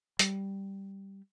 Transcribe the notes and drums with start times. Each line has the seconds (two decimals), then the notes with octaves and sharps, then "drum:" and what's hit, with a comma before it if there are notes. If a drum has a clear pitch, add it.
0.19 G3, drum: hi-hat